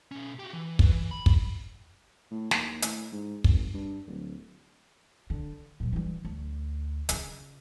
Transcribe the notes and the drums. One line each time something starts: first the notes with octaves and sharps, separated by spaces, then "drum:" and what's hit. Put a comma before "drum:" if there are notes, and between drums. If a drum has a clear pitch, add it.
B2 C#4
F#4 G4
E3
C#3 B4, drum: kick
E3
B5
drum: kick
A2
D#2, drum: snare
A2, drum: hi-hat
G#2
G#1, drum: kick
G2
D1
D3
A#2 F#3
E3 G3
D2
C#3 F4, drum: hi-hat